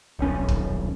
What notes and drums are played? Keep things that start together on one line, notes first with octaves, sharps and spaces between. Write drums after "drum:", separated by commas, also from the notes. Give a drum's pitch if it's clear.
D#1 B1 C#4
drum: kick